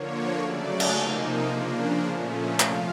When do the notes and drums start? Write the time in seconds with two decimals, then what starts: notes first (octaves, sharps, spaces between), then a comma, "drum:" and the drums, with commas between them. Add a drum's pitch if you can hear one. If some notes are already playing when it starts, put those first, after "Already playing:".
Already playing: D3 F3 A#3 C#5
0.39 C#3 F#3 A3 D5
0.80 drum: cymbal
0.94 C3 F3 A#3 D#4
1.50 C#3 F3 A#3 D4
2.04 A#2 F3 A3 C#4
2.60 C3 F3 F5, drum: clap